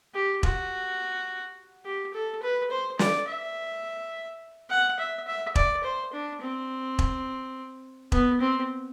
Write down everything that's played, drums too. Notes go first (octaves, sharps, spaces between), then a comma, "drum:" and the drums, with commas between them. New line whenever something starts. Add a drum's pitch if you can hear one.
G4
F#4, drum: kick E1
G4
A4
B4
C5
D5, drum: snare
E5
F#5
E5
E5
D5, drum: kick E1
C5
D4
C4
drum: kick E1
B3, drum: kick E1
C4